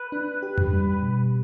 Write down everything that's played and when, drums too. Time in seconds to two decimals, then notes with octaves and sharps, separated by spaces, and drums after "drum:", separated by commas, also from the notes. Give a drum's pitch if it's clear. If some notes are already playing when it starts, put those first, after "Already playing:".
Already playing: B4
0.12 D4
0.42 G4
0.58 drum: tom F2
0.73 G3
1.03 B2